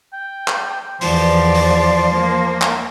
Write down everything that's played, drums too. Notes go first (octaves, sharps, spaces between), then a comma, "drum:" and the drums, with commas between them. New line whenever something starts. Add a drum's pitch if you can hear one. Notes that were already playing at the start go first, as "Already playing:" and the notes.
G5
drum: clap
E2 F3 D5 C6, drum: open hi-hat
drum: open hi-hat
A#3
drum: clap